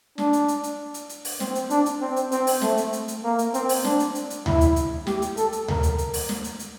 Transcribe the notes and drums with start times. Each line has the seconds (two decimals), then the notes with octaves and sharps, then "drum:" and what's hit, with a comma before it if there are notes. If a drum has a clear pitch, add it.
0.18 D4, drum: snare
0.33 drum: hi-hat
0.48 drum: hi-hat
0.64 drum: hi-hat
0.94 drum: hi-hat
1.09 drum: hi-hat
1.25 drum: open hi-hat
1.40 C4, drum: snare
1.55 drum: hi-hat
1.70 D4, drum: hi-hat
1.86 drum: hi-hat
2.01 C4
2.16 drum: hi-hat
2.32 C4, drum: hi-hat
2.47 drum: open hi-hat
2.62 A3, drum: snare
2.77 drum: hi-hat
2.93 drum: hi-hat
3.08 drum: hi-hat
3.24 A#3
3.39 drum: hi-hat
3.54 C4, drum: hi-hat
3.69 drum: open hi-hat
3.84 D4, drum: snare
4.00 drum: hi-hat
4.15 drum: hi-hat
4.30 drum: hi-hat
4.46 E4, drum: tom D2
4.61 drum: hi-hat
4.76 drum: hi-hat
5.07 G4, drum: snare
5.22 drum: hi-hat
5.37 A4, drum: hi-hat
5.52 drum: hi-hat
5.68 A#4, drum: tom D2
5.83 drum: hi-hat
5.98 drum: hi-hat
6.14 drum: open hi-hat
6.29 drum: snare
6.44 drum: hi-hat
6.59 drum: hi-hat